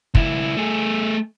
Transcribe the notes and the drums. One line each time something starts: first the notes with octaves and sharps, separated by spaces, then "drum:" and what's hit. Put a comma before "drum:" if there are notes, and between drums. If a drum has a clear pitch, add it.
C#2 E4, drum: kick
A3 G#4